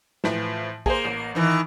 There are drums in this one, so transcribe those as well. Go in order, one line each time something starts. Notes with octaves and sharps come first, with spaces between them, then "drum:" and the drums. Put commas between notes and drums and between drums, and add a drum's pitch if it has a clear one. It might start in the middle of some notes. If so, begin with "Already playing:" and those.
A2 E3 F3, drum: snare
A#3 G#4 C5, drum: kick
A1
D#3 E3